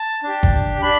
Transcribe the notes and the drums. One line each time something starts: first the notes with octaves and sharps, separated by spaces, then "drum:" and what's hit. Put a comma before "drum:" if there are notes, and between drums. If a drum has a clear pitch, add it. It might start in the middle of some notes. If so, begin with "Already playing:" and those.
Already playing: A5
D4 G4
drum: kick
D4 B5